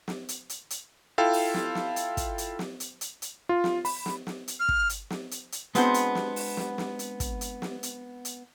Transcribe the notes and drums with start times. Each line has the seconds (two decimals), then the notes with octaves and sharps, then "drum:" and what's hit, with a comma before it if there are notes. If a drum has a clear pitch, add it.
0.08 drum: snare
0.29 drum: hi-hat
0.49 drum: hi-hat
0.70 drum: hi-hat
1.18 E4 F4 A4 F5 G5
1.33 drum: open hi-hat
1.54 drum: snare
1.75 drum: snare
1.96 drum: hi-hat
2.17 drum: kick, hi-hat
2.38 drum: hi-hat
2.59 drum: snare
2.80 drum: hi-hat
3.01 drum: hi-hat
3.22 drum: hi-hat
3.49 F4
3.64 drum: snare
3.85 B5, drum: open hi-hat
4.06 drum: snare
4.27 drum: snare
4.48 drum: hi-hat
4.59 F6
4.69 drum: kick
4.89 drum: hi-hat
5.10 drum: snare
5.31 drum: hi-hat
5.52 drum: hi-hat
5.75 G#3 B3 C4 D4 F#4 C5, drum: hi-hat
5.94 drum: hi-hat
6.15 drum: snare
6.36 drum: open hi-hat
6.57 drum: snare
6.78 drum: snare
6.99 drum: hi-hat
7.20 drum: kick, hi-hat
7.41 drum: hi-hat
7.62 drum: snare
7.83 drum: hi-hat
8.25 drum: hi-hat